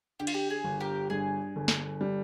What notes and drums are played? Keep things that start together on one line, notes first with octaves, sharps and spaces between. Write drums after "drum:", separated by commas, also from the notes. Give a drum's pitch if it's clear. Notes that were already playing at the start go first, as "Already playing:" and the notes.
D3 G4
F4, drum: cymbal
G4
G#4
G1
G4 A#4
G2 G#4
G1
drum: snare
G3